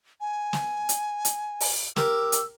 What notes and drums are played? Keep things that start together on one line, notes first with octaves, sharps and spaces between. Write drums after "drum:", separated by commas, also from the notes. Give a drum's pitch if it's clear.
G#5
drum: snare
drum: hi-hat
drum: hi-hat
drum: open hi-hat
G4 A#4 E6, drum: snare
drum: hi-hat